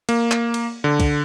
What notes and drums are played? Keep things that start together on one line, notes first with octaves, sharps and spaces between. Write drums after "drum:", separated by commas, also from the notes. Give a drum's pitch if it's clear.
A#3, drum: cymbal
drum: clap
drum: cymbal
D3
drum: kick, cymbal